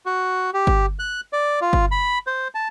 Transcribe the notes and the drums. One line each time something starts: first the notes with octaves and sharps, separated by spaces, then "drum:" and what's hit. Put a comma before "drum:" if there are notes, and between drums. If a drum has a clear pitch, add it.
F#4
G4
drum: kick G1
F#6
D5
F4
drum: kick G1
B5
C5
A5